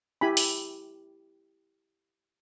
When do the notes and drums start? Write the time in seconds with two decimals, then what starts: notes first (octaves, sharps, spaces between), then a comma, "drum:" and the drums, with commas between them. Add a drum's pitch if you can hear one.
0.21 E4 G4 G#5 B5
0.37 drum: open hi-hat